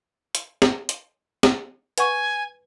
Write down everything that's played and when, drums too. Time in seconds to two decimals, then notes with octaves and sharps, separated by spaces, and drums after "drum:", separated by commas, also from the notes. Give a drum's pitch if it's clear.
0.35 drum: hi-hat
0.62 drum: snare
0.89 drum: hi-hat
1.43 drum: snare
1.98 B4 F#5 G#5 C#6, drum: hi-hat